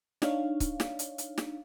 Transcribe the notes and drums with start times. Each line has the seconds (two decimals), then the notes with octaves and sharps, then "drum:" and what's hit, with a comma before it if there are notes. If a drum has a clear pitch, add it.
0.22 D4 D#4 C#5 F5, drum: snare
0.60 drum: kick C#1, hi-hat
0.80 drum: snare
0.99 drum: hi-hat
1.18 drum: hi-hat
1.38 drum: snare